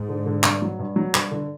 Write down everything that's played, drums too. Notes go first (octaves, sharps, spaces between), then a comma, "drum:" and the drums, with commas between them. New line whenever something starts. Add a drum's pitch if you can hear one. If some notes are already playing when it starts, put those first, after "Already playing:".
Already playing: G#2
D3
D3
G2, drum: clap
F#3
G2
F#3
G2, drum: clap
D3